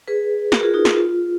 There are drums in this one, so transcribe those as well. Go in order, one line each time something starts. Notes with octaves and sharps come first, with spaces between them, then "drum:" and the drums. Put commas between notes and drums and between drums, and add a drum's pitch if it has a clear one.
G#4 B4
F#4 A#4, drum: snare
F4 G#4
D#4 F#4
F4, drum: snare
F4